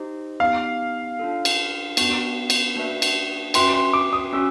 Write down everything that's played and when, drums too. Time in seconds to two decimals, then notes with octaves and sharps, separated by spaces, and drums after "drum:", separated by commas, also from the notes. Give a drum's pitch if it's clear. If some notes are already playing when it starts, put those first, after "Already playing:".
Already playing: D#4 G4 C5 D#5
0.40 B3 D#4 G4 F5
1.19 D4 F4 A4
1.45 drum: cymbal
1.97 B3 D4 F#4, drum: cymbal
2.50 drum: cymbal
2.76 A#3 D4 F#4 B4 E5
3.02 drum: cymbal
3.54 C#4 F#4 B4 E5 G5 C6, drum: cymbal
3.73 C6
3.93 D6
4.13 D#6
4.33 C#4 F#4 E6